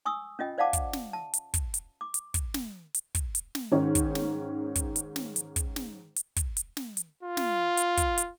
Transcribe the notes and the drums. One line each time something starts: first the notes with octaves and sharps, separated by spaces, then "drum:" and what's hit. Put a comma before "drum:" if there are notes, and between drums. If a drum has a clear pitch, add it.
G#5 C#6 D#6 E6
C#4 F4 D#5 G5
C5 D5 F5 F#5 A5 D6
drum: kick, hi-hat
drum: snare
A5
drum: hi-hat
drum: kick, hi-hat
drum: hi-hat
D6
drum: hi-hat
drum: kick, hi-hat
drum: snare
drum: hi-hat
drum: kick, hi-hat
drum: hi-hat
drum: snare
G#2 D#3 C#4
drum: kick, hi-hat
drum: snare
drum: kick, hi-hat
drum: hi-hat
drum: snare
drum: hi-hat
drum: kick, hi-hat
drum: snare
drum: hi-hat
drum: kick, hi-hat
drum: hi-hat
drum: snare
drum: hi-hat
F4
drum: snare
drum: hi-hat
drum: kick, hi-hat
drum: hi-hat